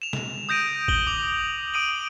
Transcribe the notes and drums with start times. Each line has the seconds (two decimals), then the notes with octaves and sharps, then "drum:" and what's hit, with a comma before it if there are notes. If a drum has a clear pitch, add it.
0.02 E7 F7
0.13 drum: snare
0.49 D#6 G6 A#6 D7 D#7
0.88 F#7 G7, drum: kick
1.07 D6 F7
1.74 D#6 D7 D#7 F#7